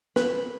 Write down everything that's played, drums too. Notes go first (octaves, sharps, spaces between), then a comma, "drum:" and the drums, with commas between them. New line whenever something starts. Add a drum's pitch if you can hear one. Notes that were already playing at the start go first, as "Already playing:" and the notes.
B4, drum: snare